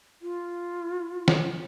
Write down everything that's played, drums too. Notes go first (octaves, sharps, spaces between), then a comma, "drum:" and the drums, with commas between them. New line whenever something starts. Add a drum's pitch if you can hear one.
F4
drum: snare